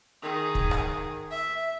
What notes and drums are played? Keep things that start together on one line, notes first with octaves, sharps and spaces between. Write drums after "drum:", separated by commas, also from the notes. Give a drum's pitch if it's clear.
D#3 G#4
drum: kick
drum: rim click
E5